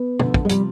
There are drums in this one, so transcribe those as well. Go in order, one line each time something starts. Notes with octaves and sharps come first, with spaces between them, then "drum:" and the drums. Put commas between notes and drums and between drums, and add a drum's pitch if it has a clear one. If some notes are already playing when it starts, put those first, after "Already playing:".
Already playing: B3
D2 D3 F3, drum: tom
drum: kick
G#3
C3 F3 G3, drum: hi-hat